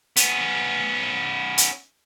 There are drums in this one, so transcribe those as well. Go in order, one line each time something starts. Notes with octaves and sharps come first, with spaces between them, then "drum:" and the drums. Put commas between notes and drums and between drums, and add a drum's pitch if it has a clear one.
B3 C#4, drum: hi-hat
drum: hi-hat